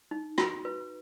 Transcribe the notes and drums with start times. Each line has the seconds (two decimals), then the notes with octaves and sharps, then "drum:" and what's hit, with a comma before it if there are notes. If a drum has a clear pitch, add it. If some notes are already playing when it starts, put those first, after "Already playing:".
0.11 D#4
0.38 F#4, drum: rim click
0.65 B4